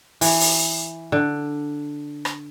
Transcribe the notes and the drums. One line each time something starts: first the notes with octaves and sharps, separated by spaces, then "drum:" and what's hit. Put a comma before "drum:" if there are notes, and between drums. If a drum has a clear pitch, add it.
E3, drum: open hi-hat
drum: open hi-hat
D3
drum: rim click